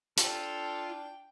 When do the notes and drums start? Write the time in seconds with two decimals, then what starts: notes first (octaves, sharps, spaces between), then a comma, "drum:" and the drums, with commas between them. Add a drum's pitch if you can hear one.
0.18 D4 F4 A4 G5, drum: hi-hat